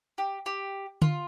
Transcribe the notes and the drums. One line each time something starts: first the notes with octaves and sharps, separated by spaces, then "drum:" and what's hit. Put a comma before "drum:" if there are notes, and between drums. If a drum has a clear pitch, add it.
G4
G4
F4, drum: tom D3